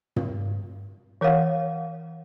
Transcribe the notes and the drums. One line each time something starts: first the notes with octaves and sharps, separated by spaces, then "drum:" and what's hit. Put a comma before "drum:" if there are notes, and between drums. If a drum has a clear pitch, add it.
drum: tom
E3 A#4 C#5 F5 F#5